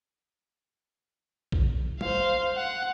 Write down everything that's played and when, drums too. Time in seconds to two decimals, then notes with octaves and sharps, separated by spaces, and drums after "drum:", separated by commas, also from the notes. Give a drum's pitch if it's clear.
1.52 drum: kick A#1
2.01 C5 F5, drum: tom
2.56 F#5